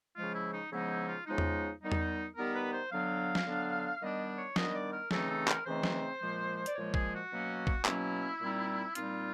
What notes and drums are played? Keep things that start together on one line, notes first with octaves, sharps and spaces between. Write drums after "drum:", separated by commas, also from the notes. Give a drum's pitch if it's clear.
C#3 F3 G#3 F4
E4
D#4
C#3 F3 G#3 B3 D#4 E4
E4
F4
C#3 F3 G#3 B3 D#4
drum: tom E2
D#3 G3 B3 D#4
drum: tom E2
D#3 G3 B3 D#4 A#4
B4
C5
D3 F#3 B3 D4 F5
drum: snare
D3 F#3 B3 D4
D#3 G3 B3 D4 D#5
C#5
D#3 G3 B3 D4 D#5, drum: snare
D5
A#4
C#3 E3 A3 C4 D#4 A4, drum: snare
A4
A#4, drum: clap
C#3 E3 A3 C4 D#4 C5
drum: snare
A#2 F3 G#3
D5, drum: hi-hat
A#2 F3 G#3 C#5
G#4, drum: kick
F#4
B2 F#3 A#3 C#4
drum: kick
B2 F#3 A#3 C#4 E4, drum: clap
A#2 G3 C4 D#4
A#2 G3 C4 D#4 F4, drum: hi-hat